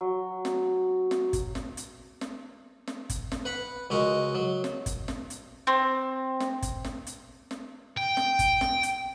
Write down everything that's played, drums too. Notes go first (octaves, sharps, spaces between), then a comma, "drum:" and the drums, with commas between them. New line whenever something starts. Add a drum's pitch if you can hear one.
F#3
drum: snare
drum: snare
drum: kick, hi-hat
drum: snare
drum: hi-hat
drum: snare
drum: snare
drum: kick, hi-hat
drum: snare
B4 F#5 B5
C#2 G#3 F#4 A#4
F#3
drum: snare
drum: kick, hi-hat
drum: snare
drum: hi-hat
C4
drum: snare
drum: kick, hi-hat
drum: snare
drum: hi-hat
drum: snare
G5
drum: snare
drum: kick, hi-hat
drum: snare
drum: hi-hat